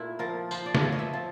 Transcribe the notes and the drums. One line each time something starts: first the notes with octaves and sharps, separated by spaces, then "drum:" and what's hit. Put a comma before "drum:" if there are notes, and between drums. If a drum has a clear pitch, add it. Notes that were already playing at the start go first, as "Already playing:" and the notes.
Already playing: A#2 A3 E4
F3 A#4
F3 C5, drum: tambourine
D5
C#5, drum: snare
F3
D#5
E5
F3